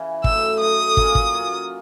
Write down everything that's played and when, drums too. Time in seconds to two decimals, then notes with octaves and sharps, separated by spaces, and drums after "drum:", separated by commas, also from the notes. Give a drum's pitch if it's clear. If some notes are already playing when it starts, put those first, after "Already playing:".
Already playing: C#3 E3
0.24 A2 F#3 A3 E6, drum: kick
0.60 A2 F#3 A3 D#6
0.97 F#3 A#3 C#4 F4, drum: kick
1.15 drum: kick
1.33 F#3 A#3 C#4 F4